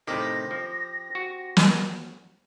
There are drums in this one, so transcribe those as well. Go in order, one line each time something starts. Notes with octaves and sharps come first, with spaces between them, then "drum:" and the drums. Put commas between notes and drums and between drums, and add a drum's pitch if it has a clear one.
A2 C3 D#3 C4 G4 A#6
F3
F#4
drum: snare